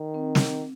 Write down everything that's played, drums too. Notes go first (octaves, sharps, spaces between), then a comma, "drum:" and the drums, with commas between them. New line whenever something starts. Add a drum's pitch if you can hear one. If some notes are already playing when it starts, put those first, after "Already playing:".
Already playing: D#3
C4
drum: snare